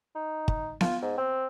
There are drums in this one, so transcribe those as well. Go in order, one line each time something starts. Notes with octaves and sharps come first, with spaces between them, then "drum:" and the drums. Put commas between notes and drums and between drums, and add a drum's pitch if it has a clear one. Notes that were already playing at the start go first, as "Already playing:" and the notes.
D#4
drum: kick
F4, drum: snare B3
G#2
C4